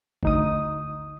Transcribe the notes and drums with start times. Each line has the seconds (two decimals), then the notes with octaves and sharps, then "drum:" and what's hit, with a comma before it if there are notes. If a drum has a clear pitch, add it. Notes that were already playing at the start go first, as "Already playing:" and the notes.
0.23 D2 D#4 D#6, drum: kick